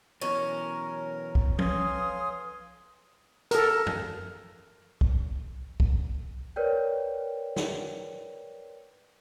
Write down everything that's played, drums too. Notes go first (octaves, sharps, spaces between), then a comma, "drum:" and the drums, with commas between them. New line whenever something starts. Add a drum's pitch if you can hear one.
B2 E3 F#3 C#4 A#4
drum: kick
A4 B4 C#5 F5 G#5 C6 D#6, drum: tom F3
A4 A#4, drum: hi-hat
drum: tom F#2
drum: kick
drum: kick
A#4 B4 C#5 D5 G5
drum: snare